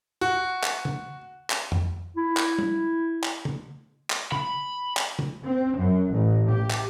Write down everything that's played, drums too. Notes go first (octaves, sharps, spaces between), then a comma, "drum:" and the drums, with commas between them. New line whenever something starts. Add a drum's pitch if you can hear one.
F#4
drum: clap
drum: tom
drum: clap
drum: tom F2
E4
drum: clap
drum: tom
drum: clap
drum: tom
drum: clap
B5, drum: tom
drum: clap
drum: tom
C4
F#2
A1
G4
drum: clap